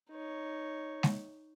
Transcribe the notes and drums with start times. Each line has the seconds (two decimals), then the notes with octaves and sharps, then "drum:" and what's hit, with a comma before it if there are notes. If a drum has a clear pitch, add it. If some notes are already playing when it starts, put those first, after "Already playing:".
0.11 D#4 C#5
1.03 drum: snare G#3